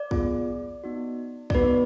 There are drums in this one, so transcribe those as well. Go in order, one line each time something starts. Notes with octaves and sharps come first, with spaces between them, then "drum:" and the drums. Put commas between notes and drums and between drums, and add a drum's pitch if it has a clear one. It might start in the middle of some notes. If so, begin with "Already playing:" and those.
Already playing: D5
B3 F4 G#4, drum: kick
B3 D#4 F#4
D5, drum: kick
B3 D#4 F#4 B4